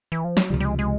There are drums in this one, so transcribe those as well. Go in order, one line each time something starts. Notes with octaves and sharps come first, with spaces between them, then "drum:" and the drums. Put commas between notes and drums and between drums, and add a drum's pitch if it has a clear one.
E3
F3
F#3, drum: snare
C#2 C3 F3 G3
G3
G#3
G#3